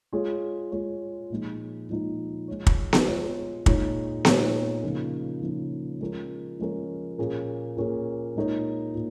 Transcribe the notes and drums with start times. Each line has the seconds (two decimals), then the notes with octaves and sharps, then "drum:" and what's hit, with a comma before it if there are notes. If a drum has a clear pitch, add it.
0.13 G#3 F4 G#4 C#5
0.72 G#3 F4 G#4 C#5
1.30 A#2 F3 G#3 D#4
1.89 A#2 F3 G#3 D#4
2.48 G#3 F4 C#5
2.67 drum: kick
2.93 drum: snare B3
3.06 G#3 F4 C#5
3.66 A#2 G#3 D#4 C#5, drum: kick
4.25 A#2 G#3 D#4 C#5, drum: snare B3
4.83 C#3 F3 A#3 D#4
5.42 C#3 F3 A#3 D#4
6.00 F3 G#3 C#4 A#4
6.59 F3 G#3 C#4 A#4
7.18 A#2 A#3 C#4 G#4
7.77 A#2 A#3 C#4 G#4
8.36 A#2 G#3 D#4 A#4 C#5
8.94 A#2